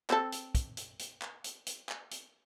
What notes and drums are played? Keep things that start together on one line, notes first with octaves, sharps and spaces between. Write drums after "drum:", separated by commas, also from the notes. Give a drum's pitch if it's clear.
C4 A4, drum: clap
drum: hi-hat
drum: kick, hi-hat
drum: hi-hat
drum: hi-hat
drum: clap
drum: hi-hat
drum: hi-hat
drum: clap
drum: hi-hat